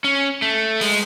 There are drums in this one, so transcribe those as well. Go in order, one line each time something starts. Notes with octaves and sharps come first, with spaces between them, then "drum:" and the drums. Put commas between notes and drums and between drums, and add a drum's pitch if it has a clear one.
C#4
A3
G#3, drum: open hi-hat